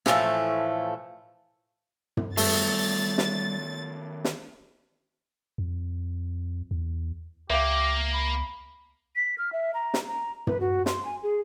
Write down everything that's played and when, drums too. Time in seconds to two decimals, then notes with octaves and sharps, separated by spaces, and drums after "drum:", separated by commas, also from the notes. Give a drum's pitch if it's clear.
0.06 A2 E3 F3 A3, drum: snare
2.17 drum: tom
2.37 D#3 G3 A3 B3 F4 A6, drum: open hi-hat
3.18 drum: snare
4.24 drum: snare
5.58 F2
6.71 E2
7.50 C#2 A#3 G4 E5 F5
8.13 B5
9.16 B6
9.38 F6
9.52 E5
9.74 A#5
9.94 drum: snare
10.08 A#5
10.47 B4, drum: tom
10.60 F#4
10.86 C6, drum: snare
11.05 G#5
11.23 G#4